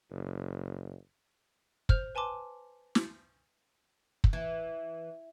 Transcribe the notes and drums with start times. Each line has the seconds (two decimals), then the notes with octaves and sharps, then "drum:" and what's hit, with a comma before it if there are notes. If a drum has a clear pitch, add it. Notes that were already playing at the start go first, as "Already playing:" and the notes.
0.11 F#1
1.89 C5 F6 G6 F7, drum: kick
2.15 B4 G#5 A5 C6 D6
2.95 drum: snare
4.24 drum: kick
4.33 E3